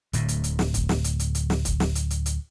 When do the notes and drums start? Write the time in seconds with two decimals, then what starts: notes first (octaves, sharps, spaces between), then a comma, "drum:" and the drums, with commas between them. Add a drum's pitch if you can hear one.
0.13 D1 D2 A2, drum: hi-hat
0.28 drum: hi-hat
0.44 drum: hi-hat
0.59 drum: snare
0.74 drum: kick, hi-hat
0.89 drum: snare
1.04 drum: hi-hat
1.19 drum: hi-hat
1.35 drum: hi-hat
1.50 drum: snare
1.65 drum: kick, hi-hat
1.80 drum: snare
1.95 drum: hi-hat
2.10 drum: hi-hat
2.26 drum: hi-hat